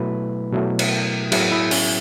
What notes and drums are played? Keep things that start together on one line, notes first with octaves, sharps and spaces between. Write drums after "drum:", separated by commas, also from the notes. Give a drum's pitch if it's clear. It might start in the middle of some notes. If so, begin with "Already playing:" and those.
Already playing: B2 F#3 A3 E4 B4 B5
B2 F#3 A3 E4
drum: cymbal
A2 F#3 B3 E4 G#4 G#5, drum: cymbal
E4 E5
C#4 C#5, drum: open hi-hat